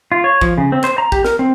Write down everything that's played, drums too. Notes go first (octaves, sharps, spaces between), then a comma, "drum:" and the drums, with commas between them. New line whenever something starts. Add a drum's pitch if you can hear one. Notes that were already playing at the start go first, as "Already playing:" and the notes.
F4
C#5
F3, drum: kick
C#3
C4
C5, drum: clap
A#5
G4, drum: kick
A#4, drum: snare
C4